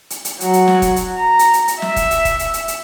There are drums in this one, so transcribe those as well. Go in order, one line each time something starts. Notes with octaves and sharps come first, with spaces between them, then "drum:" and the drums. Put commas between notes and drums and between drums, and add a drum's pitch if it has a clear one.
drum: hi-hat
drum: hi-hat
F#3, drum: hi-hat
drum: hi-hat
drum: snare
drum: kick, hi-hat
drum: hi-hat
A#5
drum: hi-hat
drum: hi-hat
drum: hi-hat
E5, drum: snare
drum: kick, hi-hat
drum: hi-hat
drum: kick, hi-hat
drum: hi-hat
drum: hi-hat
drum: hi-hat